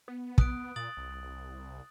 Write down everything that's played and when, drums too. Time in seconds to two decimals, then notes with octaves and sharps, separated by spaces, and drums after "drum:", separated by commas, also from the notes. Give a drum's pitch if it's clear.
0.08 B3
0.38 D#6 F#6 D7, drum: kick
0.76 A#2 D#6 A6 F#7
0.97 C2